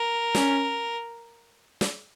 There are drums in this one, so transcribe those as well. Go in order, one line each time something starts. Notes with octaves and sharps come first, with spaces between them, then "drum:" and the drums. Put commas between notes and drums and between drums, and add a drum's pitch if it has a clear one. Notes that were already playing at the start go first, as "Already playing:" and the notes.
Already playing: A#4
C#4, drum: snare
drum: snare